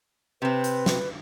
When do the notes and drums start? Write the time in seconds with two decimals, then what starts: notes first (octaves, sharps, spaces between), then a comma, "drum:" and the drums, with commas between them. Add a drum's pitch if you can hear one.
0.42 C3 C4 B4
0.64 drum: hi-hat
0.86 drum: snare